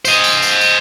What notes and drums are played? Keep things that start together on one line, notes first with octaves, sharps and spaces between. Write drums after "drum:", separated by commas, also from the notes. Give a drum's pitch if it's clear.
C5 D#5, drum: tambourine
drum: tambourine
drum: tambourine
drum: tambourine